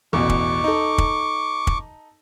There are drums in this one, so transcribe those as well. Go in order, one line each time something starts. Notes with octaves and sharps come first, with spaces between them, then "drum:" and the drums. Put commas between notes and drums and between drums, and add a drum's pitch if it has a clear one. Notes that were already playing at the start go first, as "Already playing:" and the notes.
A1 E2 B2 C#6 D6
drum: kick
D#4 A4
drum: kick
drum: kick